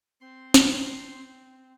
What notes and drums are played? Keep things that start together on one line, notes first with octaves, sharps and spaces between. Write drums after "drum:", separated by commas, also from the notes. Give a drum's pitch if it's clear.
C4 C6
drum: snare